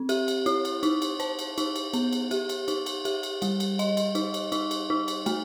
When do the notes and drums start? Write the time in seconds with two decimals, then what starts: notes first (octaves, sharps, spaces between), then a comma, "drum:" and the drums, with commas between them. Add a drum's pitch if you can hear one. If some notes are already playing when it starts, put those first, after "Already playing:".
Already playing: C4
0.09 G4, drum: cymbal
0.28 drum: cymbal
0.46 E4, drum: cymbal
0.65 drum: cymbal
0.83 D#4, drum: cymbal
1.02 drum: cymbal
1.20 C5, drum: cymbal
1.39 drum: cymbal
1.58 D#4, drum: cymbal
1.76 drum: cymbal
1.93 B3, drum: cymbal
2.13 drum: cymbal
2.31 G4, drum: cymbal
2.49 drum: cymbal
2.68 D#4, drum: cymbal
2.86 drum: cymbal
3.05 G4, drum: cymbal
3.23 drum: cymbal
3.42 G3, drum: cymbal
3.60 drum: cymbal
3.79 D#5, drum: cymbal
3.97 drum: cymbal
4.15 D#4, drum: cymbal
4.34 drum: cymbal
4.52 D#4, drum: cymbal
4.71 drum: cymbal
4.90 D#4
5.08 drum: cymbal
5.26 A3, drum: cymbal